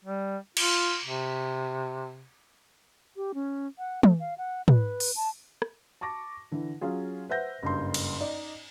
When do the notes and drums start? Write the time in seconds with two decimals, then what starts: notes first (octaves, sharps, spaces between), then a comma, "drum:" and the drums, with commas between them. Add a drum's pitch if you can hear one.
0.05 G3
0.57 F4, drum: cymbal
1.04 C3
3.16 G4
3.34 C#4
3.78 F#5
4.03 A3, drum: tom
4.20 F5
4.38 F#5
4.68 B4, drum: tom
5.00 drum: open hi-hat
5.16 A5
5.62 drum: rim click
6.01 A5 C#6 D6 A#6
6.52 D3 E3
6.81 F#3 C#4 F4 G#4
7.29 B4 C5 E5 F#5 G6 A#6
7.63 F#1 G2 C6
7.94 drum: cymbal
8.20 D#4 D5 D#5